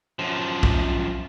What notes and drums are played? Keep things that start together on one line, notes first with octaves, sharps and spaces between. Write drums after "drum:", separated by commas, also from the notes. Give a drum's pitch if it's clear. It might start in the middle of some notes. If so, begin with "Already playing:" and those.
F#2 F3
drum: kick